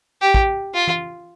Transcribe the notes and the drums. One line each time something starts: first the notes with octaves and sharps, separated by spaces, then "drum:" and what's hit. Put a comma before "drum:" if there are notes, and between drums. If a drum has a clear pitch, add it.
G4
drum: kick
F4
drum: tom E3